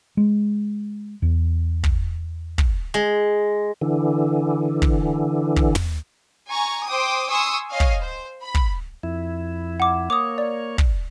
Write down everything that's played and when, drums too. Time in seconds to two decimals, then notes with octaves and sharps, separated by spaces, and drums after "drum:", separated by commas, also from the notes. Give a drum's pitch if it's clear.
0.17 G#3
1.22 E2
1.84 drum: kick
2.58 drum: kick
2.94 G#3
3.81 D3 E3
4.82 drum: kick
5.56 drum: kick
5.75 drum: tom
6.48 G#5 A#5 C#6
6.87 C5 G5 D6 D#6
7.29 G#5 C6 C#6 D#6 E6
7.70 C#5 D#5 F5 G#5
7.80 drum: kick
8.02 C5
8.42 B5
8.55 drum: kick
9.03 F2 E4
9.80 F#5 D6
10.10 A#3 C#5 D6 D#6
10.38 D5
10.78 drum: kick